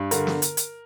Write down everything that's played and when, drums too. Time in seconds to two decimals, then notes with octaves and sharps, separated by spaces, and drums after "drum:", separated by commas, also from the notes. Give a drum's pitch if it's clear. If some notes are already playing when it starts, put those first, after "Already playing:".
Already playing: G2
0.11 D3 A#4, drum: hi-hat
0.27 drum: snare
0.42 drum: hi-hat
0.57 drum: hi-hat